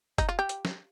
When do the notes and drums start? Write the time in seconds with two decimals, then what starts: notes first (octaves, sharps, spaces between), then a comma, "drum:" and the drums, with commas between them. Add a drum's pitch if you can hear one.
0.18 D#4, drum: kick F#1, hi-hat
0.29 F4
0.39 G4
0.49 drum: hi-hat
0.65 drum: snare